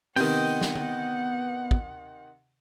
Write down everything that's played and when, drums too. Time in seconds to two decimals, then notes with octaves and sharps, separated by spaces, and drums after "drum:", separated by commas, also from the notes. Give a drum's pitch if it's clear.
0.16 C3 D#3 B3 D#5 F#5 G5, drum: open hi-hat
0.61 drum: snare
0.75 drum: tom D3
1.71 drum: kick